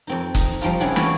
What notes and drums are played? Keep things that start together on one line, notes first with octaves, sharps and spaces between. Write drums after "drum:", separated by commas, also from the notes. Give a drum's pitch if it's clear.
F2 C4 D#4
D#4, drum: kick F#1, hi-hat
F3 G3 D#4 F4
C#3 C4 D4 E4 G#4 F#5
E3 F4 F#4 G#4 B4 D5, drum: snare